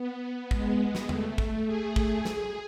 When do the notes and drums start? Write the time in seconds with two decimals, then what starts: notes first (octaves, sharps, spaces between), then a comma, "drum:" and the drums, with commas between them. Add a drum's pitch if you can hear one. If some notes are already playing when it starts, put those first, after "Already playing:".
Already playing: B3
0.51 G#3, drum: kick
0.95 drum: snare
1.09 A3, drum: tom E2
1.38 drum: kick
1.67 G#4
1.96 drum: kick
2.25 G#4, drum: snare